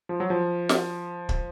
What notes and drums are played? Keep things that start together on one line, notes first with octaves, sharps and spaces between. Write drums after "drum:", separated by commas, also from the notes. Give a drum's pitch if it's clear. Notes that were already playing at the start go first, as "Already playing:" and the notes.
F3
F#3
F3
drum: snare
drum: kick